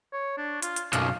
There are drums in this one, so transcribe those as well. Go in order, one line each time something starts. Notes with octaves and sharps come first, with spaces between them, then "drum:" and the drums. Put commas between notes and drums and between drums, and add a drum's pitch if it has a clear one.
C#5
D4
F4, drum: hi-hat
drum: hi-hat
B1 F#2 F5, drum: hi-hat